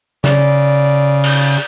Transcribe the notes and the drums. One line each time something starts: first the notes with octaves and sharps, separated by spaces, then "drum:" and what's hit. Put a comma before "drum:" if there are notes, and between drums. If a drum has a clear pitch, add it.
C#3 D5, drum: snare
drum: cymbal